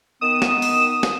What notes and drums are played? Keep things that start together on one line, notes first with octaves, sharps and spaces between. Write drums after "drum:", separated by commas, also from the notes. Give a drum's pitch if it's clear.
D#3 B3 D#6 E7
drum: snare
drum: open hi-hat
drum: snare